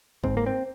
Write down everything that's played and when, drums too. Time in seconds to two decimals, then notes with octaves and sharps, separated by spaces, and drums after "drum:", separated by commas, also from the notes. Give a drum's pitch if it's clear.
0.24 G#2 C4, drum: kick
0.37 A#3
0.46 C4